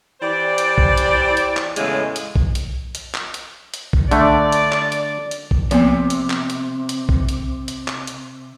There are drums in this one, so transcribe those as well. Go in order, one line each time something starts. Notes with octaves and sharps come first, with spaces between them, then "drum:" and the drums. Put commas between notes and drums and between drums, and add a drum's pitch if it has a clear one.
E3 G4 C5 D5
drum: hi-hat
drum: kick A#1
drum: hi-hat
drum: hi-hat
drum: clap
E2 A2 C#3 G#3, drum: hi-hat
drum: hi-hat
drum: kick A#1
drum: hi-hat
drum: hi-hat
drum: clap
drum: hi-hat
drum: hi-hat
drum: kick A#1
D3 A3 D5, drum: hi-hat
drum: hi-hat
drum: clap
drum: hi-hat
drum: hi-hat
drum: kick A#1
C3 F3 A#3 B3, drum: hi-hat
drum: hi-hat
drum: clap
drum: hi-hat
drum: hi-hat
drum: kick A#1
drum: hi-hat
drum: hi-hat
drum: clap
drum: hi-hat